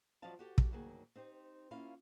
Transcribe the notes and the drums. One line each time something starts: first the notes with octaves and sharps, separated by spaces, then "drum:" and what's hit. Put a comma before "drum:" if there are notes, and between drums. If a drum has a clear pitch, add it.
F3 F#3 D5 D#5 F5 A5
F#4 G4 A4
drum: kick
D2 G2 D#3 F#3 A#3 G#4
C4 D#4 G4 C5
A#3 C#4 E4 F4 F5